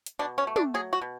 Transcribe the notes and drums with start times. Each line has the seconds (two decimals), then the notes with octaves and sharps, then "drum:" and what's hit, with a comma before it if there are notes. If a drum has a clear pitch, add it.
0.06 drum: hi-hat
0.19 B2 D4
0.38 C#4
0.47 A3
0.56 D4, drum: tom
0.74 F#3 G#4
0.93 F#4
1.01 B2